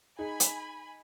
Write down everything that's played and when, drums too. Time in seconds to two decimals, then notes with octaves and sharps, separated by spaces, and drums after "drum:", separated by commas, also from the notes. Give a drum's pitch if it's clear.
0.19 D#4 G#4 G#5 B5
0.40 drum: hi-hat